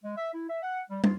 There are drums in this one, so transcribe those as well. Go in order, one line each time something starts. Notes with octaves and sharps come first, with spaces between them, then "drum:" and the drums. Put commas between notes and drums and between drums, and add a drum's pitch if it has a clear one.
G#3
E5
E4
E5
F#5
G3
F4, drum: tom